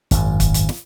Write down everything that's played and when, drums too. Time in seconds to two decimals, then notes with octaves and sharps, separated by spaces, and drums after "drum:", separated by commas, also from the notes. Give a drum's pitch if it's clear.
0.11 G#1 F#2, drum: hi-hat
0.40 drum: kick, hi-hat
0.54 drum: hi-hat
0.69 drum: snare